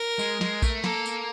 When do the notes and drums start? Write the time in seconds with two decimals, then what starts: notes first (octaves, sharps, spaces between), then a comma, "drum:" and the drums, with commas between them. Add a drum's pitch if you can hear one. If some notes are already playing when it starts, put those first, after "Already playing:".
Already playing: A#4
0.19 G#3, drum: tambourine
0.41 G#3, drum: snare
0.62 A3, drum: kick, tambourine
0.84 A#3 A4, drum: snare
1.06 drum: tambourine